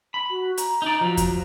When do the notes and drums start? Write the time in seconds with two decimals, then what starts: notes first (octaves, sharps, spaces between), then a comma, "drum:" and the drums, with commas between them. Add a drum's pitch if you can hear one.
0.14 B5
0.30 F#4
0.57 A#5, drum: hi-hat
0.82 D#4 D5
1.01 F3 F#3
1.17 drum: kick E2, hi-hat